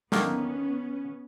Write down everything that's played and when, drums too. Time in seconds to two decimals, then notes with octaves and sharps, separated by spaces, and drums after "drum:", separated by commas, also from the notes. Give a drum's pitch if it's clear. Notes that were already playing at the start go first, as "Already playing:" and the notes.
0.12 D3 D#3 A#3 B3 C#4, drum: snare